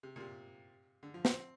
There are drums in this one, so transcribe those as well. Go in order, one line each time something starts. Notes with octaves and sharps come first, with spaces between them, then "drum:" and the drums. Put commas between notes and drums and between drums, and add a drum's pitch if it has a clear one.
C3
A#2
C3
D3
F3
C4, drum: snare